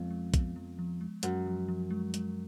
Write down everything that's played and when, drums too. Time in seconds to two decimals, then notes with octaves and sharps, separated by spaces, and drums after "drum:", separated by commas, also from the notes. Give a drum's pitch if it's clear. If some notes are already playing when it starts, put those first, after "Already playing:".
Already playing: F2 F3 G#3 B3
0.10 G#3
0.34 B3, drum: kick, hi-hat
0.56 F3
0.79 F3
1.01 G#3
1.23 F#2 G#3, drum: hi-hat
1.46 F3
1.68 F3
1.91 G#3
2.14 G#3, drum: hi-hat